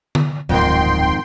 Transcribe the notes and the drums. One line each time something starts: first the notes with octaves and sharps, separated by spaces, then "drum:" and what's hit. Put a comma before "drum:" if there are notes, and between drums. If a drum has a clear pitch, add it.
drum: tom D3
D1 F2 G#2 D#3 G5 C6